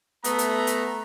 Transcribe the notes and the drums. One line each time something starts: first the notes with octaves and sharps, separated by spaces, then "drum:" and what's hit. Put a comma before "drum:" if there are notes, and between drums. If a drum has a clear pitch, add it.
A3 B3 A#5, drum: hi-hat
drum: hi-hat
drum: hi-hat